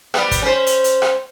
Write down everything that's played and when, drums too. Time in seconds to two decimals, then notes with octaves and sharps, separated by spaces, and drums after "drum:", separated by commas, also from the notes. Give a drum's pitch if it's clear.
0.14 G3 B3, drum: rim click
0.31 drum: kick, hi-hat
0.42 C#4 C5
0.67 drum: hi-hat
0.84 drum: hi-hat
1.02 drum: rim click